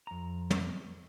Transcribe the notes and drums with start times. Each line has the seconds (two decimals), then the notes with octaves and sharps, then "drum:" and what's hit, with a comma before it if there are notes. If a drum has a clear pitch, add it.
0.07 F2 A#5
0.50 drum: tom